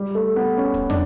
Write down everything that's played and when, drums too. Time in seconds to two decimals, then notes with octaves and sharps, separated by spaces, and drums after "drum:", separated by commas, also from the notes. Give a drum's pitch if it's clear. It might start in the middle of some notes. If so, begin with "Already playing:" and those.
Already playing: G3
0.15 A3
0.36 B3
0.57 C#4
0.74 drum: kick E1
0.90 D4, drum: tom